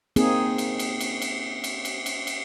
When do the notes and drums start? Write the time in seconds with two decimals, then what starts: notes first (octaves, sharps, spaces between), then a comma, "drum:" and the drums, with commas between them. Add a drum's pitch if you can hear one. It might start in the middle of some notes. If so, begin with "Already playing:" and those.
0.16 A#3 C4 D#4 G#4, drum: cymbal
0.58 drum: cymbal
0.79 drum: cymbal
1.01 drum: cymbal
1.22 drum: cymbal
1.64 drum: cymbal
1.85 drum: cymbal
2.06 drum: cymbal
2.27 drum: cymbal